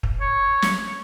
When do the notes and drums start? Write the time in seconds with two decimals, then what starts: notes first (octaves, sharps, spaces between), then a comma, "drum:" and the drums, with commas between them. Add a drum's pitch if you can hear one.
0.03 drum: kick
0.21 C#5
0.62 drum: snare